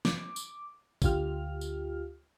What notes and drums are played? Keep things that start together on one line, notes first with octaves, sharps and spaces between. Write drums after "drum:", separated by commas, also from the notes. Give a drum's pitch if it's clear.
D6, drum: snare
drum: tambourine
D2 D3 F4 G4 F6, drum: kick, tambourine
drum: tambourine